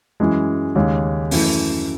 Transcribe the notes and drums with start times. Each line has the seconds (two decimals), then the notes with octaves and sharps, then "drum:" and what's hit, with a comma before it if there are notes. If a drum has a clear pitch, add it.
0.20 F#2 E3 G#3
0.75 D#2 C#3 G#3 C#4
1.31 F#2 E3 A3, drum: open hi-hat